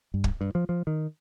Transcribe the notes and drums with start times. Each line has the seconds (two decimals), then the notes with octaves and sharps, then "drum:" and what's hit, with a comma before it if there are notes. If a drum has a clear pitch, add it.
0.14 G2
0.24 drum: kick
0.41 G2
0.55 F3
0.69 F3
0.87 D#3